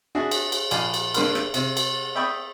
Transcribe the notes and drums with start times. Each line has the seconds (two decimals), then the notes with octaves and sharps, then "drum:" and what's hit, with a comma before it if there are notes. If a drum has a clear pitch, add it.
0.15 D4 E4 F#4 G#4
0.31 drum: cymbal
0.52 drum: cymbal
0.71 A#1 D5 F5 G#5 F6, drum: cymbal
0.94 drum: cymbal
1.14 G2 D3 A#3 C6 F6, drum: cymbal
1.35 drum: rim click
1.54 C3, drum: cymbal
1.77 drum: cymbal
2.15 D5 E5 G5 B5 C#6 D#6